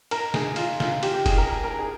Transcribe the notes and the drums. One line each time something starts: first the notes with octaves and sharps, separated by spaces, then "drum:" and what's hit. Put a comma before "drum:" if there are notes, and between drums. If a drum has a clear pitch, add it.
A#4, drum: cymbal
G#4, drum: snare
F4, drum: cymbal
F4, drum: snare
G4, drum: cymbal
G4
G#4, drum: kick F1, cymbal
A#4
A#4
A#4
G#4